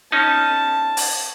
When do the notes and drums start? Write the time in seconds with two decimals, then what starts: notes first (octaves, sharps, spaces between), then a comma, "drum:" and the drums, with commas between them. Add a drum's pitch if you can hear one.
0.12 C#4 D#4 A5
0.97 drum: open hi-hat